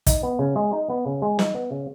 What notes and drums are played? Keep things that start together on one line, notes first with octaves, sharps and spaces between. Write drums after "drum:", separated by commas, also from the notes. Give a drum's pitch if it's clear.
D#4, drum: kick, hi-hat
B3
C#3
G#3
D#4
B3
C#3
G#3
D#4, drum: snare
B3
C#3